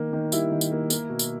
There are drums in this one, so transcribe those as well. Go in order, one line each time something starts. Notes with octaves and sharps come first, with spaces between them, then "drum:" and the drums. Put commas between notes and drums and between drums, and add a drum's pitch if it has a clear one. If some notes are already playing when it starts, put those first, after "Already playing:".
Already playing: D#3 A#3
D#3
G3 E4, drum: tambourine
D#3
drum: tambourine
A#3
A#3, drum: tambourine
B2
drum: tambourine